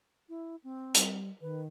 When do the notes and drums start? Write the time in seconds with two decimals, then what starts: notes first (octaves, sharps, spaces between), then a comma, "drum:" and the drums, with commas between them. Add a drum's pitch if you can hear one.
0.29 E4
0.64 C4
0.95 G3, drum: hi-hat
1.42 D#3 B4